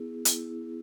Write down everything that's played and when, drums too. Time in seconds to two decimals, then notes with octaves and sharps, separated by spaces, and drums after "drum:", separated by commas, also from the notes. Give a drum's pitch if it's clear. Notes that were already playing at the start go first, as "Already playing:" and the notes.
Already playing: B3 E4 G#4
0.25 B3 E4, drum: hi-hat